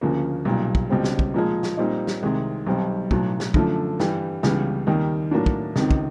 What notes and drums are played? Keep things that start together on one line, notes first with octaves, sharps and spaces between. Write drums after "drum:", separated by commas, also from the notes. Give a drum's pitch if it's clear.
D2 C#3 F3 A#3
B1 A#2 G3
drum: kick
C#2 B2 G3 C4
drum: snare
drum: kick
A#2 F3 G#3
drum: snare
A#2 G3 C4 D#4
drum: snare
C2 C3 D#3 G#3
B1 B2 G3 C4
B1 A2 F#3, drum: kick
drum: snare
F#2 D3 F3 A3, drum: kick
G2 E3 G3, drum: snare
C#2 C#3 E3 G3 B3, drum: snare
D#2 D#3 G3 A#3
A2 F#3 A#3 D4
drum: kick
C#2 C3 D#3, drum: snare
drum: kick